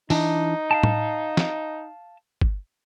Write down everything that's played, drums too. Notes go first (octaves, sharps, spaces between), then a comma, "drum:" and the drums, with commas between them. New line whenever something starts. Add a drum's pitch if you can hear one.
E3 D4 D#4, drum: open hi-hat
F5 G5 A5
drum: tom A2
drum: snare
drum: kick